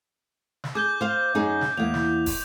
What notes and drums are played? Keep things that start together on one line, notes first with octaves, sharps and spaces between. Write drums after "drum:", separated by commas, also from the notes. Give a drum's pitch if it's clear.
drum: snare
G#4 D6 G6 G7
C5 F5
F#2 D#4 G#4
drum: snare
E2 A#3 F7
drum: snare
drum: kick, open hi-hat